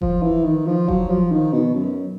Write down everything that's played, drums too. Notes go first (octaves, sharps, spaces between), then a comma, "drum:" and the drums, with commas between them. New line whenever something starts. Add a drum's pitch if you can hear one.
F3, drum: kick F1
E3
D#3
F3
F#3, drum: kick F1
F3
D#3
B2
F#2